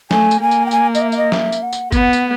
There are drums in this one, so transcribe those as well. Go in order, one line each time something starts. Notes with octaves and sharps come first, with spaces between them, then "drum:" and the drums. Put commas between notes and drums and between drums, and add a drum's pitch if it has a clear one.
A3 G#5, drum: snare
drum: tambourine
A#3 G#5
drum: tambourine
G5
G#5, drum: tambourine
D#5, drum: tambourine
E5
E5, drum: tambourine
D#5
E5, drum: snare
drum: tambourine
F#5
drum: tambourine
B3 F#5, drum: kick, tambourine
drum: tambourine